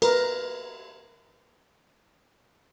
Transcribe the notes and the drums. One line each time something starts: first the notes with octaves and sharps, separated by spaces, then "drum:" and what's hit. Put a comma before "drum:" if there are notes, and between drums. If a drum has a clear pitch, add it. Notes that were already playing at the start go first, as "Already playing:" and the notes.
A#4 B4, drum: cymbal